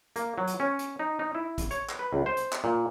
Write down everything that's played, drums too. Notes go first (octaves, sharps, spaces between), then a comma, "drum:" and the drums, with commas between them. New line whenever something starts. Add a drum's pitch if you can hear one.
A#3, drum: hi-hat
F#3
drum: hi-hat
C#4
drum: hi-hat
D#4
D#4
E4
drum: kick, hi-hat
C#5, drum: hi-hat
drum: clap
B4
C#2
C5
drum: hi-hat
drum: clap
A#2